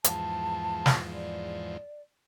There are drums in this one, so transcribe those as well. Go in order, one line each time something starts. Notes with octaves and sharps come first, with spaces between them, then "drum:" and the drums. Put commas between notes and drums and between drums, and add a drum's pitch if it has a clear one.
E2 G#2 F3 A5, drum: hi-hat
drum: snare
D5